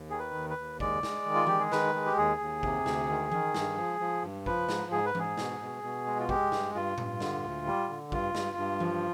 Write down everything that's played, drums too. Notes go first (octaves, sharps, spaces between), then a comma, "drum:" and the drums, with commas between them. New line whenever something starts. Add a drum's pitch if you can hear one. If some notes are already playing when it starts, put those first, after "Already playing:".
Already playing: D#2
D#3 G#4
B4
D#2
B4
D#2
G#3 D5, drum: kick
G#3, drum: snare
D#3
F4
G#3 G4, drum: tom E3
G#4
D#3 B4, drum: snare
G#3
G4
D#2 G#4
D#2
C3, drum: kick
D2, drum: snare
D#3
D#3, drum: tom E3
G2, drum: snare
F3
F3
G2
F3 B4, drum: kick
G#2, drum: snare
G#2 G#4
B4
G#2 G#4, drum: tom E3
B2, drum: snare
B2
B2
G#3
F4
G#3 G4, drum: kick
G2, drum: snare
G2 F4
G2, drum: tom A2
D3, drum: snare
D2
G3
D3
G2 F4, drum: kick
G2, drum: snare
G2
F3, drum: tom E3